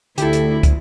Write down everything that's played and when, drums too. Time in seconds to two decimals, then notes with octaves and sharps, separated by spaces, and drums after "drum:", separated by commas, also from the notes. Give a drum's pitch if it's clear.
0.18 D2 D3 E4 G4 A4, drum: hi-hat
0.33 drum: hi-hat
0.63 drum: kick, hi-hat